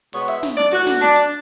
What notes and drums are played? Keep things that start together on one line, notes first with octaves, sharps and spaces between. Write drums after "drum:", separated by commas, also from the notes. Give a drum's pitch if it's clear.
B2 G#3 B3 C#5, drum: hi-hat
E5, drum: hi-hat
drum: snare
D5, drum: hi-hat
A2 E3 A3 F#4, drum: hi-hat
drum: snare
D4, drum: hi-hat
drum: hi-hat